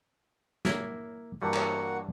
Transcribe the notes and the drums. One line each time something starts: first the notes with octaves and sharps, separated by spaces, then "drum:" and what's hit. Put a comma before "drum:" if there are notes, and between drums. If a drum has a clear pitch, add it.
A#3 E4 A#4, drum: snare
G2 E3 G3 A#3 F#4 F#5
drum: clap